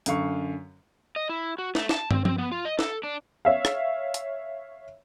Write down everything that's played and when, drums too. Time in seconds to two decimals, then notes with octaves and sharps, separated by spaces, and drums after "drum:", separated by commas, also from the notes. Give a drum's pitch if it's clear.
0.06 F#2 D3 F5 C#6, drum: hi-hat
1.16 D#5
1.29 E4
1.58 F#4
1.75 A3, drum: snare
1.89 A5, drum: snare
2.11 C4, drum: tom
2.25 C4, drum: tom
2.38 B3
2.52 F4
2.65 D#5
2.79 A4, drum: snare
3.03 D4
3.45 C#5 E5 F5
3.65 drum: rim click
4.14 drum: hi-hat